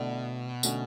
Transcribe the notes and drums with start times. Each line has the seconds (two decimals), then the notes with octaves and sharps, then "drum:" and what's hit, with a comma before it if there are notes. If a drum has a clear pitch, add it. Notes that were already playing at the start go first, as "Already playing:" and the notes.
Already playing: B2 D3 A3 E4 A4 D5
0.63 D3 A3 C#4 F#4, drum: tambourine